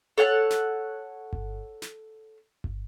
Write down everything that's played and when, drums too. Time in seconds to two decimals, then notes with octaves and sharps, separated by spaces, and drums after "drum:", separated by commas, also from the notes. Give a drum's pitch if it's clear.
0.18 A4 C#5 F#5 A5
0.50 drum: snare
1.33 drum: kick G1
1.82 drum: snare
2.64 drum: kick G1